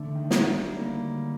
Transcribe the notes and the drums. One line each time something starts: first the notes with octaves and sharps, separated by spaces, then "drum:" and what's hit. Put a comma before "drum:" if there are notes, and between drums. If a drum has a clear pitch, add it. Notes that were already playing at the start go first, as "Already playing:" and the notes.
Already playing: D3 A3 D4
D#3
drum: snare
F#3
G3
A#3